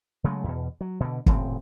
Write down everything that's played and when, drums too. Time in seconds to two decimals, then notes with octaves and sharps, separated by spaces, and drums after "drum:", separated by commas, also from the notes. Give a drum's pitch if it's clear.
0.24 C#3 F#3 G#3 A3
0.44 E2 B2
0.81 F#3
1.00 B2 D3
1.26 D#1 A2 C#3 C4, drum: kick